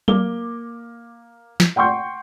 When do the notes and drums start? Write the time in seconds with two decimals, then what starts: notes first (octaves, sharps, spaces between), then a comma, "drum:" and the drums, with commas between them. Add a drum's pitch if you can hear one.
0.08 A#3 A#4 D6 G7, drum: tom F#3
1.60 drum: snare
1.76 F#5 G5 C6 C#6 G6